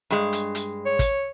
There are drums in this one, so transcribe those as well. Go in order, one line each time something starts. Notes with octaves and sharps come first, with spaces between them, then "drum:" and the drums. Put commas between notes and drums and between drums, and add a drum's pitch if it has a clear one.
G2 G#3
drum: hi-hat
drum: hi-hat
C#5
drum: kick, hi-hat